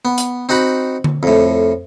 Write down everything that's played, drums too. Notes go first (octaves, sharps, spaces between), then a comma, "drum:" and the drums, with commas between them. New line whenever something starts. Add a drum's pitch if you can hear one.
B3
drum: hi-hat
C4 D#4 F#4 F#5 B5
drum: tom D3
F2 A2